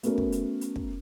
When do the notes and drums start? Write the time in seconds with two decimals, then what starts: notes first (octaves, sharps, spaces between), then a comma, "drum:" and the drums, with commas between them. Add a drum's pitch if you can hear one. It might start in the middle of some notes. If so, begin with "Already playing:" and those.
0.03 A3 B3 C#4 F#4 A#4, drum: hi-hat
0.18 drum: kick
0.32 drum: hi-hat
0.61 drum: hi-hat
0.76 drum: kick